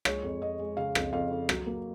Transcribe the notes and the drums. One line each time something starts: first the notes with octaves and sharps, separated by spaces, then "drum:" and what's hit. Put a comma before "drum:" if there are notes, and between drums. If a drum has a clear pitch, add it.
G#3 C#5, drum: rim click
F2
F2 D#5
G#3
C#3 F5
F2, drum: rim click
F2 F5
F2
F#3, drum: rim click
A#3